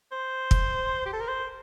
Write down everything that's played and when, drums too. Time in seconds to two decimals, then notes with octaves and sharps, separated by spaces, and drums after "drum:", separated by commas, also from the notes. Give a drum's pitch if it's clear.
0.12 C5
0.51 drum: kick
1.06 G4
1.13 A4
1.21 A#4
1.28 C5